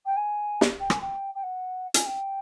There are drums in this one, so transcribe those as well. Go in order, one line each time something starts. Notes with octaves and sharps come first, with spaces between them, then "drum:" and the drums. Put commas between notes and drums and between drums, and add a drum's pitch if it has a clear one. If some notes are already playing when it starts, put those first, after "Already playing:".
G5
G#5
drum: snare
G5
G#5, drum: rim click
G5
G5
F#5
G#5, drum: hi-hat
G5